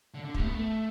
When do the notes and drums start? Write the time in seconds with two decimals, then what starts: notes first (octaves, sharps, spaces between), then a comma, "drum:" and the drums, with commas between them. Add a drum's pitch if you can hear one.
0.14 D3
0.25 D3
0.34 G3, drum: kick
0.40 A3
0.44 B3
0.55 A3